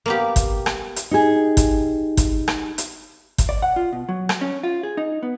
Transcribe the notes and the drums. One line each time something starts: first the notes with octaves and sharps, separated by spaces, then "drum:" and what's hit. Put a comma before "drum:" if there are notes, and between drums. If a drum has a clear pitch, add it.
A#3 B3 G4
drum: kick G1, hi-hat
drum: rim click
drum: hi-hat
D#4 G4 G#4
drum: kick G1, hi-hat
drum: kick G1, hi-hat
drum: rim click
drum: hi-hat
drum: kick G1, hi-hat
D5
F#5
F4
B2
F#3
drum: rim click
C#4
F4
G#4
D#4
B3